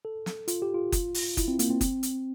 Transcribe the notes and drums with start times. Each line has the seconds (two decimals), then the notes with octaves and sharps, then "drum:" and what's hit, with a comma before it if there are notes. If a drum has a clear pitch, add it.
0.05 A4
0.26 drum: snare
0.48 F4, drum: hi-hat
0.62 G4
0.74 F4
0.92 drum: kick F#1, hi-hat
1.14 drum: open hi-hat
1.37 E4, drum: kick F#1, hi-hat
1.48 C4
1.59 A#3, drum: hi-hat
1.70 C4
1.81 drum: kick F#1, hi-hat
2.03 drum: hi-hat